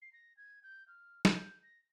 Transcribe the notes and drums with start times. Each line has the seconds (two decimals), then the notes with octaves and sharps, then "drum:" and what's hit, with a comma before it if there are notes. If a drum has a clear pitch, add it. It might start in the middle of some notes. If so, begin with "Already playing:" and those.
0.02 C7
0.13 A#6
0.37 G#6
0.63 G6
0.88 F6
1.25 G6, drum: snare
1.63 A#6